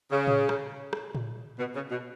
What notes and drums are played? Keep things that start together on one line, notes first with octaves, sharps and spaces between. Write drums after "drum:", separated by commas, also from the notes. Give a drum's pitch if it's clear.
C#3
drum: tom A2
drum: rim click
drum: rim click
drum: tom A2
B2
C#3
B2